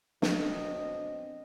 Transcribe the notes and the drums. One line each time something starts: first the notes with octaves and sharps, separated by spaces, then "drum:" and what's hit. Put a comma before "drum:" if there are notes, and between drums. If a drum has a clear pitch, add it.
F#2 B2 C4 D4 D#5, drum: snare